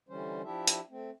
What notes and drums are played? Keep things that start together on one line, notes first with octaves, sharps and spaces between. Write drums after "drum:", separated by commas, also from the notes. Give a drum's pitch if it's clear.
D3 E3 G3 C#4 C5
F3 D4 E4 G4 E5
drum: hi-hat
A3 C4